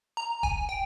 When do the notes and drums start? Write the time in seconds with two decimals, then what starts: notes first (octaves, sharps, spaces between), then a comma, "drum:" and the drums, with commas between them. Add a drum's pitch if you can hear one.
0.17 A#5
0.43 G#5, drum: kick
0.69 G5